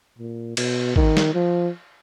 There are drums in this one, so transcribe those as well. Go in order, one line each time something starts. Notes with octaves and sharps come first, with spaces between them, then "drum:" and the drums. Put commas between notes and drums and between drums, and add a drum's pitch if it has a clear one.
A#2
B2, drum: cymbal
D#3, drum: kick G#1
drum: snare
F3